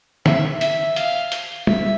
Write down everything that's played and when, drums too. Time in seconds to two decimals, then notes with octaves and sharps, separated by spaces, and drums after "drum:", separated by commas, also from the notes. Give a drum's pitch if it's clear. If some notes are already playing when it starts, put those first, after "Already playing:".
0.26 E5, drum: snare
0.61 E5, drum: hi-hat
0.96 F5, drum: hi-hat
1.32 drum: hi-hat
1.67 E5, drum: tom